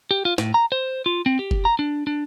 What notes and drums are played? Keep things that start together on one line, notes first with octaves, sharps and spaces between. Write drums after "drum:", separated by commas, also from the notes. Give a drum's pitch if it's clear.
G4
F4
A2, drum: snare
A#5
C5
F4
C4
G4
drum: kick F#1
A#5
D4
D4